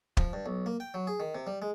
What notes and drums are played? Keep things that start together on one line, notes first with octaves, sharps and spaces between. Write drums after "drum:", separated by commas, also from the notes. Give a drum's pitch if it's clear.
F3, drum: kick
G2
B1
A#3
G5
F#3
G#4
D#3
C3
G3
G#3